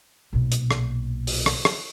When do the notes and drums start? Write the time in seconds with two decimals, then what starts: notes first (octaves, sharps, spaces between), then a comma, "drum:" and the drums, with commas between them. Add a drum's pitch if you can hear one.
0.33 B1 A#2
0.52 drum: hi-hat
0.71 drum: rim click
1.27 drum: open hi-hat
1.46 drum: rim click
1.65 drum: rim click